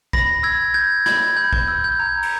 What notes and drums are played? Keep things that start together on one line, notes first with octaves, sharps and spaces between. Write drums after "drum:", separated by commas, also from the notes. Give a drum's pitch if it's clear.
B5 A#6, drum: kick
E6 G#6
G6 G#6
B5 G#6, drum: snare
B5 G6
drum: kick
E6 G6
G6
A#5 G#6
drum: cymbal